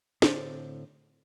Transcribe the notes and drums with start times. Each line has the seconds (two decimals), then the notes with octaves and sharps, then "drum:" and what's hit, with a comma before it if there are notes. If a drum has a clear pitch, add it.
0.22 A2 D3 C4 D5, drum: snare